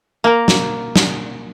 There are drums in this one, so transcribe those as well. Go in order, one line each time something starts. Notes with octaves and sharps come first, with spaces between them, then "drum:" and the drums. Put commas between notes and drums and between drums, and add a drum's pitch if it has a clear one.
A#3 A#4
drum: snare
drum: snare